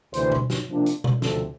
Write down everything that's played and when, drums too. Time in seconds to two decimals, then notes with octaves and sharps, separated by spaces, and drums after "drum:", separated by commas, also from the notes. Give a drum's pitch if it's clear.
0.14 D2 C3 E3 C5, drum: hi-hat
0.32 drum: tom B2
0.50 drum: snare
0.68 C3 F3 A#3 D4
0.86 drum: hi-hat
1.04 drum: tom B2
1.22 D2 C3 F3 A4, drum: snare